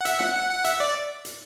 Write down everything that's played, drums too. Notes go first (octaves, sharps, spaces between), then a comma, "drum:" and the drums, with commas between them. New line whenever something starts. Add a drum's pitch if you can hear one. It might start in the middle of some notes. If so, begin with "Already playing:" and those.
F#5
E5, drum: hi-hat
F#5, drum: snare
F#5
F#5
E5, drum: hi-hat
D5
drum: hi-hat